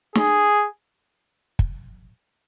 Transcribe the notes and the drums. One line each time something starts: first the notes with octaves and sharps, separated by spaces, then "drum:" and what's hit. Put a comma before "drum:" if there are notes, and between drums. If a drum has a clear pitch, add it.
G#4, drum: snare
drum: kick